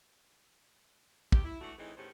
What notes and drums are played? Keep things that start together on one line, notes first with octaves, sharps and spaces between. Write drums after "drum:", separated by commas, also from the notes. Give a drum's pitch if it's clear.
D#2 G4, drum: kick
E4
E3 A3 D4 F#4
A2 E3 C4 D#4 G#4
E2 A2 D#3 C#4 G4 C5